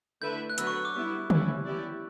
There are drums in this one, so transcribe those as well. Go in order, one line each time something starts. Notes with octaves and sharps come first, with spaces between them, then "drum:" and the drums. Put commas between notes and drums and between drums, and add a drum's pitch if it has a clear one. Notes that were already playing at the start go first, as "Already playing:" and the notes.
D3 A3 E4 B4 E5 G6
F#6
D3 F#3 B3 F#4 B4 E6, drum: hi-hat
C#6
E6
D6
G3 B3 E4 C#6
G3 C#4 E4, drum: tom
B3 E4 G4 D5